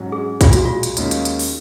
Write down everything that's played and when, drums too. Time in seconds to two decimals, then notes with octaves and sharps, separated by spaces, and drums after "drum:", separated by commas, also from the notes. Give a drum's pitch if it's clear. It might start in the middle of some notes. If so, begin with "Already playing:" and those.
Already playing: G#2 F#3 C#4
0.12 G#4
0.41 B1 A#2 G#3 F4, drum: kick, hi-hat
0.53 F#4, drum: hi-hat
0.65 F4
0.83 drum: hi-hat
0.97 D#2 D#3 G#3 C#4 F4, drum: hi-hat
1.11 drum: hi-hat
1.25 drum: hi-hat
1.39 drum: open hi-hat